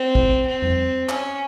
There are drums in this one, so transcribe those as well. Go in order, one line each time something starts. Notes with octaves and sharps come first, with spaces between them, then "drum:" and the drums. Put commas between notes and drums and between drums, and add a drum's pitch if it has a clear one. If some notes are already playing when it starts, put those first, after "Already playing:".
Already playing: C4
drum: kick
C4
drum: tom E2
C#4, drum: clap